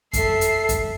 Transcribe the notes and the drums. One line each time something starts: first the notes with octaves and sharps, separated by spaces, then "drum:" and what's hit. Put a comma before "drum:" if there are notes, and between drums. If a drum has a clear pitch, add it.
A4 E5 C7, drum: kick F#2, hi-hat
drum: hi-hat
drum: kick F#2, hi-hat